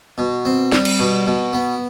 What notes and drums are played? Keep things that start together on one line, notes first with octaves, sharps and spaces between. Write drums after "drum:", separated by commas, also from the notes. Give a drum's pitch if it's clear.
B2
C4
G3, drum: snare
drum: cymbal
B2
B2
B3